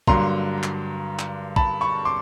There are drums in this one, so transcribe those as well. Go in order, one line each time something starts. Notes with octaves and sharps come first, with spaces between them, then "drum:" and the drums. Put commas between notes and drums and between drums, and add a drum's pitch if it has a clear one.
G2 D3 F#3 A#3 A#5 C6, drum: kick
drum: clap
drum: clap
A5 B5, drum: kick
B5 C#6
C6 D6